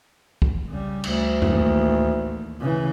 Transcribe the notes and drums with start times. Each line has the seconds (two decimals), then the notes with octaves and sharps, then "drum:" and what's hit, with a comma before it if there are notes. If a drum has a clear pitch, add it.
0.42 drum: kick
0.68 C#3 G3
1.04 D2, drum: cymbal
1.42 A1 D#2, drum: tom E2
2.60 C#3 E3